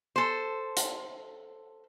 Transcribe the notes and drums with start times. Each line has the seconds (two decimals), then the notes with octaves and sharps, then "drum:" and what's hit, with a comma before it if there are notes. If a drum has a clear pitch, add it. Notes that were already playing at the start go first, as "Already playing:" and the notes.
0.16 A4 C5
0.77 drum: hi-hat